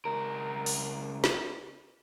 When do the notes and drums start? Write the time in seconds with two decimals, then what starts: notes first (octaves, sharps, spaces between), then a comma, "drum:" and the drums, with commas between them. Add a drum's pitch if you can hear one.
0.05 C#2 A#4
0.66 drum: open hi-hat
1.24 drum: snare